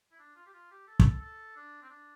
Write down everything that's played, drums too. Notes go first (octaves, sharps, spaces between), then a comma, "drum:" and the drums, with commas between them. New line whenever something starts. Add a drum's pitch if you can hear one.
E4
D4
F4
G4
F4
G4
A4
drum: kick
A4
D4
C4
D4